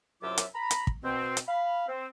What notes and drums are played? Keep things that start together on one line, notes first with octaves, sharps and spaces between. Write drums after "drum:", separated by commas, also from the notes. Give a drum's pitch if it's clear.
C2 F#2 F#3 F4 E5 D6
drum: hi-hat
A#5 B5
drum: hi-hat
drum: kick
B2 C4
drum: hi-hat
F5 B5
C4